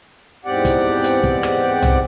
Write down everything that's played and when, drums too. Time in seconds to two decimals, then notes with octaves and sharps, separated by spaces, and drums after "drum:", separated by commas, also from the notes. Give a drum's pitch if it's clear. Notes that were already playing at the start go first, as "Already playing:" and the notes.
0.45 E2 G#2 C4 G4 D5 F#5
0.65 drum: kick, hi-hat
1.04 drum: hi-hat
1.24 drum: kick
1.43 drum: rim click
1.82 drum: tom B1